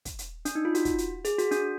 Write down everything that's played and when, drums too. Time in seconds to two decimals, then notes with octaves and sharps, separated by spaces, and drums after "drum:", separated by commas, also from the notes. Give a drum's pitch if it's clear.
0.05 drum: kick, hi-hat
0.19 drum: hi-hat
0.45 D4, drum: hi-hat
0.55 D#4
0.65 F4
0.75 F#4, drum: hi-hat
0.85 drum: kick, hi-hat
0.98 drum: hi-hat
1.25 G#4, drum: hi-hat
1.38 F#4, drum: hi-hat
1.51 D4, drum: hi-hat